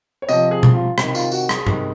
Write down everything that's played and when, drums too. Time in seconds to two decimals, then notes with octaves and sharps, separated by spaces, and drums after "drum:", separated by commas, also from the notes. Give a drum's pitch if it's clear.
0.22 C#5
0.29 C3 F3 D#5, drum: tambourine
0.51 G#4
0.63 drum: tom B2
0.74 F4
0.98 C3 D#3, drum: rim click
1.15 F4, drum: tambourine
1.32 F#4, drum: tambourine
1.49 G#4, drum: rim click
1.67 C3 D#3, drum: tom G2